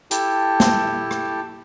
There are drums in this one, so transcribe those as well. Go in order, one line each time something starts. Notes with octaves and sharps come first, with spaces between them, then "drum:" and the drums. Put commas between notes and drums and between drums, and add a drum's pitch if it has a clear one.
E4 G4 A4 G5 A5, drum: hi-hat
drum: snare
drum: rim click